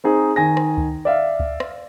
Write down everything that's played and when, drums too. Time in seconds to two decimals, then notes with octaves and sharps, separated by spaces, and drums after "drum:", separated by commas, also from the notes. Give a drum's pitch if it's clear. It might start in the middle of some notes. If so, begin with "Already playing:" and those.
0.04 C4 D#4 G#4
0.36 D#3 G#5 A#6
0.57 drum: rim click
0.78 drum: kick C#2
1.05 D5 E5 F5
1.40 drum: kick C#2
1.60 drum: rim click